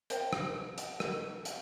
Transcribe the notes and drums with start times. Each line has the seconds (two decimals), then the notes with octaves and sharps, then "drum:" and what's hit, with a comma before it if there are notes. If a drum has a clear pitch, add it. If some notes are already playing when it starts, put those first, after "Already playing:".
0.10 A#4 C5 G5, drum: hi-hat
0.33 drum: rim click
0.78 drum: hi-hat
1.00 drum: rim click
1.45 drum: hi-hat